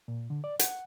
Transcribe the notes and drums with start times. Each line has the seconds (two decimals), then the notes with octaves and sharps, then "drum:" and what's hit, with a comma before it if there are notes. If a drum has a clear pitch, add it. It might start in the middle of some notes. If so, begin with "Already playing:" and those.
0.08 A#2
0.30 D3
0.44 D5
0.59 F#5, drum: hi-hat